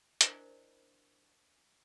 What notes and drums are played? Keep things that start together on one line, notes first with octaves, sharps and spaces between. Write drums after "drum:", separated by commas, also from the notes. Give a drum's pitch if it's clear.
D4 E4 A#4 C5 D5 D#5, drum: hi-hat